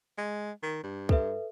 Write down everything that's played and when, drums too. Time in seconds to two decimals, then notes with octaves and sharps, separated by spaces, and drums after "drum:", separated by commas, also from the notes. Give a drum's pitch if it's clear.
0.18 G#3
0.63 D#3
0.83 G2
1.09 A4 B4 E5, drum: kick